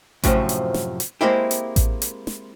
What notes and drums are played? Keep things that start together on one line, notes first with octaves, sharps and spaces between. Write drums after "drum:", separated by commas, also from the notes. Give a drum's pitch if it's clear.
F#2 A2 C3 F3, drum: kick A1, hi-hat
drum: hi-hat
drum: snare
drum: hi-hat
G#3 A#3 C4 E4 G4
drum: hi-hat
drum: kick A1, hi-hat
drum: hi-hat
drum: snare